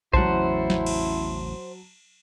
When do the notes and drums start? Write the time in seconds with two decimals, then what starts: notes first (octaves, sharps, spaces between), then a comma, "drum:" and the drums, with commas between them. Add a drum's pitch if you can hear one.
0.13 A1 E2 C#3 F#3 E4 C5 F#5 A5, drum: kick A#1
0.70 drum: snare
0.86 drum: cymbal